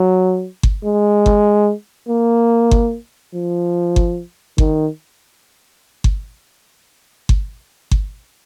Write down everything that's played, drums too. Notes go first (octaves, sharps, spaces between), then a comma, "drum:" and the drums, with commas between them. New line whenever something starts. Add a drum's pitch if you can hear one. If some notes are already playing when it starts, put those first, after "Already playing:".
Already playing: F#3
drum: kick G1
G#3
drum: kick G1
A#3
drum: kick G1
F3
drum: kick G1
D#3, drum: kick G1
drum: kick G1
drum: kick G1
drum: kick G1